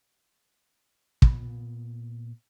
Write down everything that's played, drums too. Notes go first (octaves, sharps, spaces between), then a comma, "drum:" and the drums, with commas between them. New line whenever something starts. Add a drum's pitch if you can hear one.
A#2 B3, drum: kick